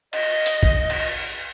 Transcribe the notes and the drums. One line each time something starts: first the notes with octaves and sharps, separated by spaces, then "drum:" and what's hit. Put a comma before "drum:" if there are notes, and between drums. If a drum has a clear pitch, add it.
D#5, drum: cymbal
drum: hi-hat
drum: kick
drum: cymbal